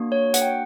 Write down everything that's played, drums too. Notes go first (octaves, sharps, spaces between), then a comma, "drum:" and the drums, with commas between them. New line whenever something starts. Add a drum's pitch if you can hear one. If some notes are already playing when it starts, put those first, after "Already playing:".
Already playing: A#3 D4 F#4
C#5
F#5, drum: hi-hat
G5